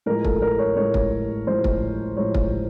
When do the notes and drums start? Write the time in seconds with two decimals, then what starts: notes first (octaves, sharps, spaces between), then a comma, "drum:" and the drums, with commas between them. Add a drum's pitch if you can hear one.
0.06 A2 F3 G#3 A#4
0.25 A4, drum: kick
0.42 A#4
0.59 C#5
0.76 A2 F3 G#3 C#5
0.94 drum: kick
1.47 A2 F3 G#3 C5
1.64 drum: kick
2.17 A2 F3 G#3 C#5
2.34 drum: kick